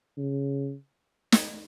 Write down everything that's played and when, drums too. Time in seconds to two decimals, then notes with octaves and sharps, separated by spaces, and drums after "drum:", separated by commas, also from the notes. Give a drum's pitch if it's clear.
0.18 C#3
1.32 drum: snare